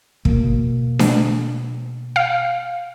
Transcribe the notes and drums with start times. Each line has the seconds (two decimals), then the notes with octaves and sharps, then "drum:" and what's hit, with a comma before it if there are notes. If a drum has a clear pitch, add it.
0.25 B2 A#3, drum: kick
0.99 drum: snare D4
2.16 F5